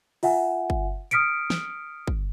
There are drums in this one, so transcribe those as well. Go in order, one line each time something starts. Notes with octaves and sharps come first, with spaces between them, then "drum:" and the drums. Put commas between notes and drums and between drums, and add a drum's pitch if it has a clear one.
F4 E5 F#5 G#5, drum: open hi-hat
drum: kick
D#6 F6 B6 C#7 D7, drum: hi-hat
drum: snare
drum: kick